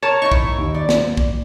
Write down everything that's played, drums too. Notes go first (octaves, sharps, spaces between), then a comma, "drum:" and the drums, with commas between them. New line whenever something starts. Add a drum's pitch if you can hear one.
A#4 C#5 A5
D#4 E4 C#6
drum: kick B1
D#2
D5
drum: snare
drum: kick B1